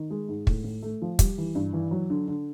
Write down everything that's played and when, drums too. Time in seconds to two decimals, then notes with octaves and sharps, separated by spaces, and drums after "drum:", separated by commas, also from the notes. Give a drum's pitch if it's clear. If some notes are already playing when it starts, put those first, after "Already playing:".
Already playing: D#3
0.11 G#3
0.29 G#2
0.47 A2, drum: kick
0.64 A2
0.82 A3
1.02 F3
1.19 G3, drum: kick, hi-hat
1.38 E3
1.55 G2
1.73 E3
1.91 F#3
2.10 D3
2.28 D3